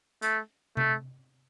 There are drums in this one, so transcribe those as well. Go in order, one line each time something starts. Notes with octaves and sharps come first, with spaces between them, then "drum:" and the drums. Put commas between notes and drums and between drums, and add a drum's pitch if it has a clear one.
A3, drum: hi-hat
A3, drum: tom C3